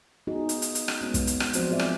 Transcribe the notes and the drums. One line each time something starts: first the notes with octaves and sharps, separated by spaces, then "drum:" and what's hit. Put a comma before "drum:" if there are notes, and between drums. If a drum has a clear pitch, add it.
B3 D#4 F#4 G#4
drum: hi-hat
drum: hi-hat
drum: hi-hat
drum: rim click
G#3 B3 C#4 F#4
drum: kick, hi-hat
drum: hi-hat
drum: rim click
F3 F#3 C4 F#4 C5 D5, drum: hi-hat
F4 G#4 D5 E5
drum: rim click